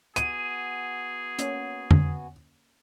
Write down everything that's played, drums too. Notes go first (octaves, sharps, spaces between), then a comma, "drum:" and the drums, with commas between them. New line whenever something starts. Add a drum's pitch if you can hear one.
B3 F#4 G#4 G#5 D#7, drum: hi-hat
A#3 C#4, drum: hi-hat
drum: tom